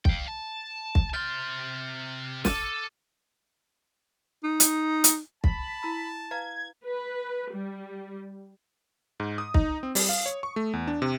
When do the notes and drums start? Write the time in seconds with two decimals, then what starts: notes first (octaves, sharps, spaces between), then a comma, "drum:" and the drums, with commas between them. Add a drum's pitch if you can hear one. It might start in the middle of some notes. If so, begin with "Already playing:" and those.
0.05 F5 G5, drum: kick
0.28 A5
0.95 drum: kick
1.14 C3 C6 F6 G6 A6
2.45 A4 D6 A6 D#7, drum: snare
4.44 D#4
4.60 drum: hi-hat
5.04 drum: hi-hat
5.44 A5 B5, drum: kick
5.83 E4 A#5 E6
6.31 B4 F5 A#5 G#6
6.85 B4
7.52 G3
9.20 G#2
9.38 D#6
9.54 D#4, drum: kick
9.83 C4
9.95 G3, drum: open hi-hat
10.09 F5
10.26 C#5
10.43 C#6
10.56 A3
10.73 E2
10.88 D4
11.02 C3